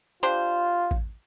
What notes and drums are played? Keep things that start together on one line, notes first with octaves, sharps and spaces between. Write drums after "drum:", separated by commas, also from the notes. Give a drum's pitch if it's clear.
D4 F4 G4 C5
drum: kick